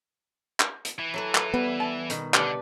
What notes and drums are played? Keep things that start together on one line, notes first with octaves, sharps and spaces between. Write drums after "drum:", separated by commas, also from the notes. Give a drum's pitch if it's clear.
drum: clap
drum: hi-hat
E3
F#3 A4 B4
drum: clap
G3 B3
A5
B2 D#3, drum: hi-hat
D3 D4 G4 B4 D5, drum: clap